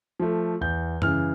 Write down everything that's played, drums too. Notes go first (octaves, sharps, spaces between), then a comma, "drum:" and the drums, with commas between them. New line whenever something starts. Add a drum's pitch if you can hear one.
F3 A3
E2 G6
C#3 E3 F6, drum: tom F#2